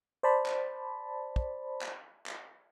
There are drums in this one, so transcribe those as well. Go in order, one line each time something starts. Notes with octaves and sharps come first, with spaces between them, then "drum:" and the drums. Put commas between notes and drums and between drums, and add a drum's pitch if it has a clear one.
C5 D5 A5 B5
drum: clap
drum: kick
drum: clap
drum: clap